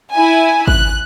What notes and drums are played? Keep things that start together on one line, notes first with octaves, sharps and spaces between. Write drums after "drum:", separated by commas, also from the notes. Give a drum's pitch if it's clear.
E4 G#5
F#6, drum: kick G#1